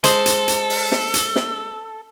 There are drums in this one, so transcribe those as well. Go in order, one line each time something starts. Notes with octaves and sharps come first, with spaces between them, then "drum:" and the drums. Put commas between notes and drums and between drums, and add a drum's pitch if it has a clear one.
G#3 A4 C5, drum: hi-hat
drum: hi-hat
drum: hi-hat
drum: open hi-hat
drum: snare
drum: hi-hat
drum: snare